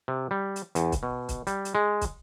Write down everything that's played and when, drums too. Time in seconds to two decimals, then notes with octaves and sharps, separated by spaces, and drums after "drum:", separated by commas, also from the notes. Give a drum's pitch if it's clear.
0.08 C3
0.31 G3
0.56 drum: hi-hat
0.75 E2, drum: hi-hat
0.92 drum: kick, hi-hat
1.03 B2
1.29 drum: kick, hi-hat
1.47 G3, drum: hi-hat
1.65 drum: hi-hat
1.75 G#3
2.01 drum: kick, hi-hat